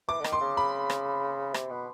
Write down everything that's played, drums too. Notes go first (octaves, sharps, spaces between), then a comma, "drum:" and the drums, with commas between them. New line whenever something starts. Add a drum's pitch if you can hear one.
E3 D6
D3
D#3, drum: rim click
C6
C#3
B5
drum: rim click
C3, drum: rim click
B2